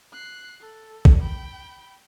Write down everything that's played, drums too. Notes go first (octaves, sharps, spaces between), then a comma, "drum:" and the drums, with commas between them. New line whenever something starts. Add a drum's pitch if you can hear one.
F#6 C7
A4
drum: kick A#1
G5 B5